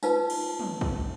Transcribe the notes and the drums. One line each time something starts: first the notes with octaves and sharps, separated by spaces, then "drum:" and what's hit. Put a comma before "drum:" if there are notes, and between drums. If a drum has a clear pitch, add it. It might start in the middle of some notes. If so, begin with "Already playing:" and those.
D#4 F4 B4 A5, drum: tambourine
drum: cymbal
drum: tom
drum: kick